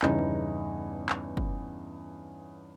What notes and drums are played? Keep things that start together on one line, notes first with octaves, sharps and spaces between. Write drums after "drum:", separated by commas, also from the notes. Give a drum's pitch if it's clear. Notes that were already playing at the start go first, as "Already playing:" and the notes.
E2 G2 C#3 E3 C#4 D#4, drum: clap
drum: tom
drum: clap
drum: kick